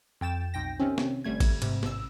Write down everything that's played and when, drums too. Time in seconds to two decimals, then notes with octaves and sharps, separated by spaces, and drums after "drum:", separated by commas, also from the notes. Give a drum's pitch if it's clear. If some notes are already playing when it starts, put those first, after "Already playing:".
0.21 F2 G5 A6 E7
0.54 B1 G5 A#6
0.80 C3 D#3 C4 C#4
0.98 drum: snare
1.24 G1 G3 A3 G#6
1.40 drum: kick, cymbal
1.62 G#2 C3, drum: cymbal
1.83 A1 E6, drum: snare